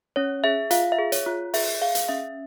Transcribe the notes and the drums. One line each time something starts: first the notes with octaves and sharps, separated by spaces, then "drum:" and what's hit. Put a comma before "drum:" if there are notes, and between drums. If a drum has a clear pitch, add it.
C#4 C#5
G#4 E5
F4 F5, drum: hi-hat
E5
G#4
C#5, drum: hi-hat
F4
G#4 E5, drum: open hi-hat
G#4 F5
drum: hi-hat
C#4 E5